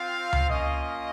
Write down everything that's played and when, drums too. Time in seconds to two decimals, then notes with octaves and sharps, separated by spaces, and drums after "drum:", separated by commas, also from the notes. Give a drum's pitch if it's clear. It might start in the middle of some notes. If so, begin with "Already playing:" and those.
Already playing: C4 F4 F5
0.33 drum: tom C#2
0.48 A#3 C#4 F4 D#5